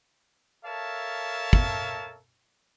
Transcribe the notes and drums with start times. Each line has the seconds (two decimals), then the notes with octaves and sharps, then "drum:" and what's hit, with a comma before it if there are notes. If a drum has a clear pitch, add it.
0.65 A4 A#4 C#5 E5 F5 A5
1.53 drum: kick